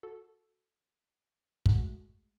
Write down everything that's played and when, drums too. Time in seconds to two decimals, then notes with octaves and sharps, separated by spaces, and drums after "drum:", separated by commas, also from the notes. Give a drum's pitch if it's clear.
0.03 F#4 A4
1.66 G#3 A3 F#4, drum: kick